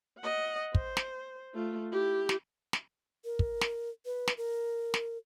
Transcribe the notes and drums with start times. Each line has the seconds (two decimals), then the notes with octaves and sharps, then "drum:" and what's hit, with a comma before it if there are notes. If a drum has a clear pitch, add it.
0.19 D#5 F#5
0.75 C5, drum: kick
0.97 drum: snare
1.54 A3 F4
1.92 E4 G4
2.29 drum: snare
2.73 drum: snare
3.25 A#4
3.39 drum: kick
3.61 drum: snare
4.05 B4
4.28 drum: snare
4.37 A#4
4.94 drum: snare